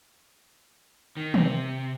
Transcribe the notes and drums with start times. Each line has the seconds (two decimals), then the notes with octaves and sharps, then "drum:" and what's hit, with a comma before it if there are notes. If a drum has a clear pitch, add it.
1.17 D#3
1.34 C3, drum: tom D#3